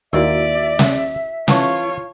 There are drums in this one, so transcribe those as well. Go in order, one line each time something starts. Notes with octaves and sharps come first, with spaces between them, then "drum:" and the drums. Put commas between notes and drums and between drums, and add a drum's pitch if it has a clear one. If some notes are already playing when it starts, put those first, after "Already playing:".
D#2 A#3 E4 F#4 D5 E5 E6
drum: snare
E3 F4 C#5 F5 A5 C#6, drum: snare